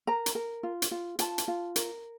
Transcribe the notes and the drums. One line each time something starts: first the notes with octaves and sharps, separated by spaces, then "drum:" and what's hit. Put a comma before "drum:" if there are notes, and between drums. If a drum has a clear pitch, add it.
A#4 A#5
drum: hi-hat
A#4
F4
drum: hi-hat
F4
F4 A5, drum: hi-hat
drum: hi-hat
F4
A#4, drum: hi-hat